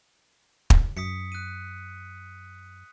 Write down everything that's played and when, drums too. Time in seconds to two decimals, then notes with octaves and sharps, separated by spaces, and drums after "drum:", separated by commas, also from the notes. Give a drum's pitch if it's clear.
0.70 drum: kick
0.97 F#2 D#6 B6 C#7
1.32 F#6 D#7